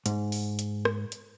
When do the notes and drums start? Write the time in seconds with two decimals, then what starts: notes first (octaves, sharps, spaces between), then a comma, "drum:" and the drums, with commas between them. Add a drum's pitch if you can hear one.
0.06 G#2, drum: hi-hat
0.32 drum: open hi-hat
0.59 drum: hi-hat
0.85 drum: rim click
1.12 drum: hi-hat